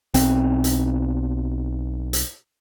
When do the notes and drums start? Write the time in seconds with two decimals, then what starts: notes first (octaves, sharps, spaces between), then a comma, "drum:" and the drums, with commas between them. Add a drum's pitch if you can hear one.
0.14 B1 C4, drum: hi-hat
0.64 drum: hi-hat
2.13 drum: hi-hat